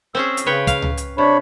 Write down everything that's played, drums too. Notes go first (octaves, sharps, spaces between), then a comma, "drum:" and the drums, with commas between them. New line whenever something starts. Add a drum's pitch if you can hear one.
C4 C#4 G#4 E6
drum: hi-hat
C#3 B4 C#5 G5
F5, drum: kick, hi-hat
drum: tom C#2
drum: hi-hat
C3 D4 C#5 B5